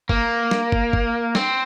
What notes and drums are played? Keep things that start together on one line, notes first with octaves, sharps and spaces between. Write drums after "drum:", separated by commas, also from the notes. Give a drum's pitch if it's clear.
A#3, drum: kick
drum: snare
drum: kick
drum: kick
C4, drum: snare